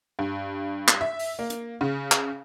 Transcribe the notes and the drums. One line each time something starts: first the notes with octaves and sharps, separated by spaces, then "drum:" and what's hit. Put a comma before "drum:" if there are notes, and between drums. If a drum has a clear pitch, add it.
G2
drum: clap
E5
drum: open hi-hat
A#3
drum: hi-hat
C#3
drum: clap